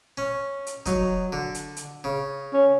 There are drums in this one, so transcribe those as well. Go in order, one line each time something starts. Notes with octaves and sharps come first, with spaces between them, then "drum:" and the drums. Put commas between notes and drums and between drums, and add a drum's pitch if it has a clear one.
C#4
drum: hi-hat
F#3 D#4, drum: kick, hi-hat
D3
drum: hi-hat
drum: hi-hat
C#3
C#4